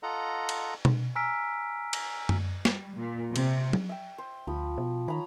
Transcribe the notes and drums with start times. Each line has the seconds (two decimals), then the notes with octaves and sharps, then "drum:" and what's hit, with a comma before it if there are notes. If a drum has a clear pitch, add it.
0.03 F4 A4 D#5 F#5 A#5
0.49 drum: cymbal
0.85 drum: tom B2
1.15 G#5 A#5 E6 F6 B6 D7
1.93 drum: cymbal
2.29 drum: tom F#2
2.65 G3, drum: snare
2.97 A#2
3.36 C3, drum: cymbal
3.73 drum: tom F#3
3.89 E5 G5
4.18 C5
4.47 D2 F3 B5
4.78 B2
5.08 D#3 C#5 A#5 B5